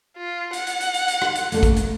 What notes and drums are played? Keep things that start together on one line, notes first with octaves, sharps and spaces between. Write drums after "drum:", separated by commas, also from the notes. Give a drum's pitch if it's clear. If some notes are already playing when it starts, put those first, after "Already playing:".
F4
F#5, drum: hi-hat
drum: hi-hat
drum: hi-hat
drum: hi-hat
drum: hi-hat
drum: rim click
drum: hi-hat
F#2 A3 A#3, drum: hi-hat
drum: kick, hi-hat
drum: hi-hat